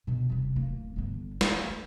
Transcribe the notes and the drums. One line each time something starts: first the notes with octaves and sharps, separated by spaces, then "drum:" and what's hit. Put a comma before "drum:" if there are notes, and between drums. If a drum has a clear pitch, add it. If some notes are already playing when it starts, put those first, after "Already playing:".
B2 D3
D#1 C3
D1 A#3
G1 D3
A3, drum: snare
G#3